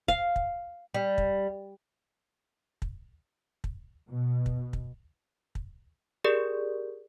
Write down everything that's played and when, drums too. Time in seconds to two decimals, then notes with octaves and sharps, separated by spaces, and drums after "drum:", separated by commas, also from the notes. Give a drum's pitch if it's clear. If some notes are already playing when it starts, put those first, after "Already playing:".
0.08 F5, drum: kick
0.36 drum: kick
0.94 G3
1.18 drum: kick
2.82 drum: kick
3.64 drum: kick
4.08 B2
4.46 drum: kick
4.73 drum: kick
5.55 drum: kick
6.24 G4 G#4 A#4 D5